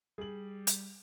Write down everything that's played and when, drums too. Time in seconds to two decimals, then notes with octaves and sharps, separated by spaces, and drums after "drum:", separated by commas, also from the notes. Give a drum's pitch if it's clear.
0.18 G3 G#4 F#7
0.67 drum: hi-hat